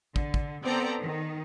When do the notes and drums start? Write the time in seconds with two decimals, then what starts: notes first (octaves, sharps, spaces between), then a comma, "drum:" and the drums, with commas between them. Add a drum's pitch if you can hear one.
0.16 D3, drum: kick
0.34 drum: kick
0.65 B3 C4 A4 D5 A#5
1.01 D#3